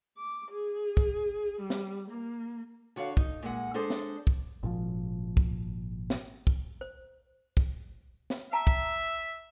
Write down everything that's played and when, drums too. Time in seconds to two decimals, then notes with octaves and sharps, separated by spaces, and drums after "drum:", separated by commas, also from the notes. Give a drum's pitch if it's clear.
0.17 D6
0.51 G#4
0.97 drum: kick
1.61 G3
1.70 drum: snare
2.11 A#3
2.96 D3 F#4 C#5 F5
3.17 D#4, drum: kick
3.43 A#2 G#3 F#5
3.74 G#3 D4 G#4 A4 C5
3.90 drum: snare
4.27 drum: kick
4.63 G#1 A#2 C#3 F3
5.37 drum: kick
6.10 drum: snare
6.47 drum: kick
6.81 C5
7.57 drum: kick
8.30 drum: snare
8.53 E5 G5 A5 A#5
8.67 drum: kick